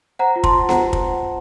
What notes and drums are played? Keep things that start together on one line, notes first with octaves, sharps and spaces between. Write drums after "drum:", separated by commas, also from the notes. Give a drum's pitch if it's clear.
C5 F#5 A#5
F4
A5 C6, drum: kick
F4
C5 F#5 A#5, drum: snare B3
drum: kick